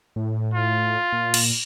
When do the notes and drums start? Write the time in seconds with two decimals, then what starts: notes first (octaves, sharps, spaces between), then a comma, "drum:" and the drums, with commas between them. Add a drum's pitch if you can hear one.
0.16 A2
0.54 F4
1.13 A#2
1.34 drum: cymbal